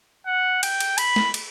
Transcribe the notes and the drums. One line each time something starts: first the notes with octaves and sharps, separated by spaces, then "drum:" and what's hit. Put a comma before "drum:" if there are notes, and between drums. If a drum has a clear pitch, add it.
F#5
G5, drum: cymbal
drum: cymbal
B5, drum: cymbal
drum: snare
drum: cymbal